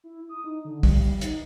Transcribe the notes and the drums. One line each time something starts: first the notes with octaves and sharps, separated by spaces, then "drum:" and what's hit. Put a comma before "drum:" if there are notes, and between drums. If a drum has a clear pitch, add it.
E4
D#6
D#4
D3
G3, drum: kick, open hi-hat
D#4, drum: hi-hat